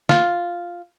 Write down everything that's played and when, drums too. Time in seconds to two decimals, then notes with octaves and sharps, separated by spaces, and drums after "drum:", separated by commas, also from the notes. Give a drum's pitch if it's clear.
0.09 F4, drum: snare